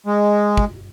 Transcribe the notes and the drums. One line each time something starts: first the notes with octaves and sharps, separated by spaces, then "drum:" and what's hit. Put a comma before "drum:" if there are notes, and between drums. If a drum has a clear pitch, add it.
G#3
drum: kick